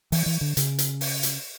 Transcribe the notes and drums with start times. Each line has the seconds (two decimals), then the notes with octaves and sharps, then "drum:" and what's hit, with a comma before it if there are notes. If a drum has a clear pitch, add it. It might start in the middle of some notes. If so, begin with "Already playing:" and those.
0.12 E3, drum: open hi-hat
0.26 E3
0.41 D3
0.57 C#3, drum: hi-hat
0.79 drum: hi-hat
1.01 drum: open hi-hat
1.23 drum: hi-hat